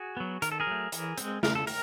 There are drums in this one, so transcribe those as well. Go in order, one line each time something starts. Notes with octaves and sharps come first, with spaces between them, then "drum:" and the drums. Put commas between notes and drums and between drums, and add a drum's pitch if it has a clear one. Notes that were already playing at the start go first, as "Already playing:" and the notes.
Already playing: F#4 G#4
F#3 B3
D#3 A#4, drum: hi-hat
A4
G#4 A#4
F#3 A3
E3, drum: hi-hat
G#3 C4, drum: hi-hat
C#3 A#4, drum: snare
A4
A#4, drum: open hi-hat